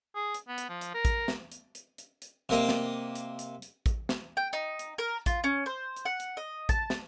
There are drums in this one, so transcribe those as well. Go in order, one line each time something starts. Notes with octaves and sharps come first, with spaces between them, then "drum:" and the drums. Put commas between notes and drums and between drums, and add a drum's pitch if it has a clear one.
G#4
drum: hi-hat
B3
drum: hi-hat
F3
drum: hi-hat
A#4
drum: kick A1, hi-hat
drum: snare
drum: hi-hat
drum: hi-hat
drum: hi-hat
drum: hi-hat
C3 A#3 D#5
drum: snare
drum: hi-hat
drum: hi-hat
drum: hi-hat
drum: kick A1, hi-hat
drum: snare
G5
D#4
drum: hi-hat
A#4
F4, drum: kick A1, hi-hat
C#4
C5
drum: hi-hat
F#5
drum: hi-hat
D#5
A5, drum: kick A1, hi-hat
drum: snare